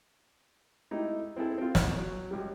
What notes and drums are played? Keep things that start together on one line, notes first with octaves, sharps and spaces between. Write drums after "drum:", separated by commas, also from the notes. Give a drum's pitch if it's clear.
G#3 A3 D#4 E4 G4
C4 E4 G#4 A4
C4 F4
C#5, drum: snare
F#3
C#2 G3